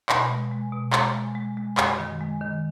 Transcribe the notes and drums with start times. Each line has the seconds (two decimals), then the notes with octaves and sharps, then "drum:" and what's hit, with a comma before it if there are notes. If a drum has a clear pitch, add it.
0.09 B2 B5, drum: clap
0.30 G#3
0.51 G#3
0.72 B2
0.93 G#3 A#5, drum: clap
1.14 G#3
1.35 G#3
1.57 G#3
1.77 F#2, drum: clap
1.99 D#3
2.21 G#3
2.41 D#3